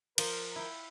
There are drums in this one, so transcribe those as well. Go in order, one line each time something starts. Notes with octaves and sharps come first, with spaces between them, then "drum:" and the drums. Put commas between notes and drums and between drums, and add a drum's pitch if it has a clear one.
F3 A#4 C5, drum: cymbal
E4 G5